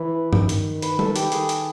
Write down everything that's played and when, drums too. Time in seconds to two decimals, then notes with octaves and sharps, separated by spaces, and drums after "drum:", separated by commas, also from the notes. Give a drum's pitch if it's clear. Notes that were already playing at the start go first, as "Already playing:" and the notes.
Already playing: E3 B4
0.33 D#3, drum: tom G2
0.49 drum: hi-hat
0.82 B4, drum: hi-hat
0.99 A4, drum: tom G3
1.16 G4, drum: hi-hat
1.32 D#3 G#4, drum: hi-hat
1.49 drum: hi-hat